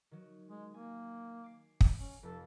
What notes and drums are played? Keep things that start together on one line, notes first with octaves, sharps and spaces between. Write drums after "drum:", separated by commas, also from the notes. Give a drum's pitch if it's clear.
D#3 F#3
G#3
A#3 G#5
D6 C7
drum: kick
C#4
F1 F2 A4